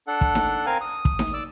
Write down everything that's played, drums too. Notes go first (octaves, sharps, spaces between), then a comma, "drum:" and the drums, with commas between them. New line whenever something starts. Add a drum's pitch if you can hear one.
D4 A4 F#5
drum: kick
drum: snare D#4
C4 A#4 F5 G#5
D#6
drum: kick
drum: snare D#4
D5 E6